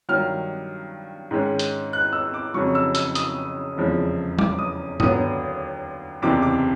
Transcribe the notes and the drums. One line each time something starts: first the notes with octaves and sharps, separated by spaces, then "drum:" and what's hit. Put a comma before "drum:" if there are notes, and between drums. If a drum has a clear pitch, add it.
G2 D#3 F#3 F6
G#2 D#3 G#3 C#4
drum: hi-hat
F#6
E6
D6
F2 C#3 F#3 C#6
E6
E6, drum: hi-hat
D#6, drum: hi-hat
F1 E2 C#3 F3 G#3
D6, drum: tom F#3
D#6
D#2 D3 F#3 B3 D#6, drum: tom G2
F#1 E2 C3 D6
D6